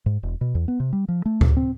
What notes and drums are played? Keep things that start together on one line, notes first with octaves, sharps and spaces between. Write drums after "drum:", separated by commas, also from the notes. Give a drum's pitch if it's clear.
G#2
E1
B2
E2
B3
C3
G3
F3
A3
C#2, drum: kick D2
C4